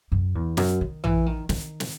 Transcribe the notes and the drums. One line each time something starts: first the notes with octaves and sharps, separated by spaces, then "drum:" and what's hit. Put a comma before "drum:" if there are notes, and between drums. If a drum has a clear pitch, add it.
F#2
E2
F#2, drum: snare
D#3
E3, drum: tom A#1
D#3
D#3, drum: snare
drum: snare